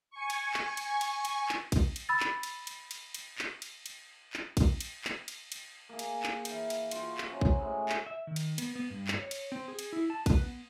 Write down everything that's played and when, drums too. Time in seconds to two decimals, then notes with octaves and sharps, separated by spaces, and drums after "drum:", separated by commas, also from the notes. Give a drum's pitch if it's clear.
0.11 G#5 C#6
0.30 drum: cymbal
0.54 drum: clap
0.77 drum: cymbal
1.01 drum: cymbal
1.25 drum: cymbal
1.48 drum: clap
1.72 drum: kick A#1, cymbal
1.96 drum: cymbal
2.09 B5 E6 A6
2.20 drum: clap
2.43 drum: cymbal
2.67 drum: cymbal
2.91 drum: cymbal
3.14 drum: cymbal
3.38 drum: clap
3.62 drum: cymbal
3.86 drum: cymbal
4.33 drum: clap
4.57 drum: kick A#1, cymbal
4.81 drum: cymbal
5.04 drum: clap
5.28 drum: cymbal
5.52 drum: cymbal
5.89 A#3 G#4
5.99 drum: cymbal
6.23 drum: clap
6.45 E3 F5 G5, drum: cymbal
6.70 drum: cymbal
6.91 F4 F#4 F#5 G5, drum: cymbal
7.18 drum: clap
7.27 C3 C#4 F#4 A#5
7.41 drum: kick A#1
7.57 A2 G#3 E5 B5
7.89 drum: clap
8.06 E5
8.27 D#3
8.36 drum: cymbal
8.58 B3, drum: cymbal
8.76 B3
8.90 G2
9.07 drum: clap
9.19 C#5
9.31 drum: cymbal
9.52 C4
9.68 G#4
9.79 drum: cymbal
9.93 E4
10.10 A5
10.26 B4, drum: kick A#1, cymbal
10.42 B3